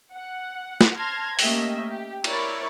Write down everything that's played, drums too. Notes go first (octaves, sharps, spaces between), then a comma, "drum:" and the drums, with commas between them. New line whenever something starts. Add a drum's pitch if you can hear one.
F#5
drum: snare
A5 C6 F6 G#6 A#6
A3 A#3 C#4 G4 D#5 E5, drum: open hi-hat
G4
E4 A#4 C#5 D5, drum: cymbal